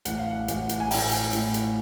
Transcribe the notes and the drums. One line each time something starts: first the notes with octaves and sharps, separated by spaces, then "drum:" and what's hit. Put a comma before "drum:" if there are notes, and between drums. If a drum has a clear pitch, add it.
A1 F#5, drum: hi-hat
F5
F#5
A1, drum: hi-hat
drum: hi-hat
G#5
A2 G5, drum: open hi-hat
drum: hi-hat
A2, drum: hi-hat
drum: hi-hat